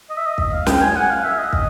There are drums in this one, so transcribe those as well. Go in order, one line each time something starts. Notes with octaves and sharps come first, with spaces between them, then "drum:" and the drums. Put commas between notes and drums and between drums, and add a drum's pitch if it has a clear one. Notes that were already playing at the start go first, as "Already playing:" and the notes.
D#5
E5
D#5
drum: kick
F5
G5, drum: snare
G#5
F#5
F5
E5
D#5
drum: kick